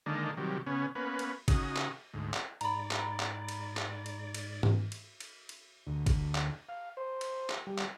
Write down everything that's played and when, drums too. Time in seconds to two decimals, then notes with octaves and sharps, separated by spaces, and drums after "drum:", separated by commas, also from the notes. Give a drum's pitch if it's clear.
0.06 D3 D#3 G#3 A#3 D4 D#4
0.37 C3 D#3 F#3 G3
0.67 C#3 B3 C#4
0.95 A#3 B3 C#4 B4
1.19 drum: cymbal
1.48 C#3 D#4 F#4 D#6, drum: kick G#1, cymbal
1.77 drum: clap
2.13 D2 G#2
2.34 drum: clap
2.61 G#2 D5 A#5 B5, drum: cymbal
2.91 drum: clap
3.20 drum: clap
3.49 drum: cymbal
3.77 drum: clap
4.06 drum: cymbal
4.34 drum: cymbal
4.63 drum: tom G#2
4.92 drum: cymbal
5.20 drum: cymbal
5.49 drum: cymbal
5.87 D2
6.06 drum: kick G#1, cymbal
6.35 drum: clap
6.69 F5
6.97 C5
7.21 drum: cymbal
7.50 drum: clap
7.67 G3
7.78 drum: clap